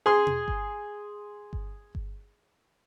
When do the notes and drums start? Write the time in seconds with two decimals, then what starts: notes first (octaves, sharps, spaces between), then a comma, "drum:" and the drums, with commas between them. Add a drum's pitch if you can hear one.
0.06 G#4 C6
0.27 drum: tom B2
0.48 drum: kick G1
1.53 drum: kick G1
1.95 drum: kick G1